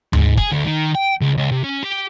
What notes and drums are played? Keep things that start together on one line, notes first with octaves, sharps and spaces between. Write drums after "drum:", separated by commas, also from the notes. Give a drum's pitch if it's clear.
G#2, drum: tom D2
G#4, drum: kick
D2
D#3
G5
C#2
C#2
C3
C#4
G4